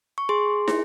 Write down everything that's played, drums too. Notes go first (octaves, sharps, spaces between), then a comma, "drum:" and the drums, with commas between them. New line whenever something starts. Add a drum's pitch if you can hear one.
C#6
G#4 C6
E4, drum: snare